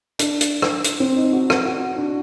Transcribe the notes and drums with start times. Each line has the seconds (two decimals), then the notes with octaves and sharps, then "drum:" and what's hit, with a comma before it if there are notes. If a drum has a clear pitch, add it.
0.19 D4, drum: hi-hat
0.41 drum: hi-hat
0.62 drum: rim click
0.84 drum: hi-hat
1.00 C4
1.17 D#4
1.33 F#4
1.50 F#4, drum: rim click
1.65 F#4
1.98 D4